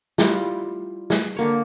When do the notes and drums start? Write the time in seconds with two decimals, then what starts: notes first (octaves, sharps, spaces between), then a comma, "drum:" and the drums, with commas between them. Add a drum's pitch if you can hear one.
0.18 G3 E4 F4 A#5, drum: snare
1.10 drum: snare
1.36 D3 A#3 C#5